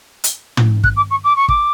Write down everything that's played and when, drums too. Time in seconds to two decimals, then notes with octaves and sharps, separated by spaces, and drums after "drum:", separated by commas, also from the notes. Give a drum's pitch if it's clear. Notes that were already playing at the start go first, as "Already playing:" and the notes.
0.24 drum: hi-hat
0.57 drum: tom
0.84 F#6, drum: kick
0.96 D6
1.10 C#6
1.24 D6
1.36 C#6
1.48 D6, drum: kick